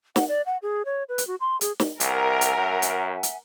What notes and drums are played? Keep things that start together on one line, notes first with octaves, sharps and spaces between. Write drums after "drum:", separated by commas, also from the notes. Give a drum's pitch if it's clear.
F#5, drum: snare
D5
F#5
G#4
C#5
B4
drum: hi-hat
F#4
C6
G#4, drum: hi-hat
drum: snare
C2 A#4 E5 F#5 G#5, drum: hi-hat
drum: hi-hat
F#2
drum: hi-hat
drum: hi-hat